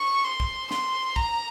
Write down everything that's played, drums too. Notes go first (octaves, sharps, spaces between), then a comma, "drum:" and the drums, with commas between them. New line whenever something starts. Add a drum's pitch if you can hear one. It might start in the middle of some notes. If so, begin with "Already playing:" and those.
Already playing: C#6
C6
drum: kick
C6, drum: snare
A#5, drum: kick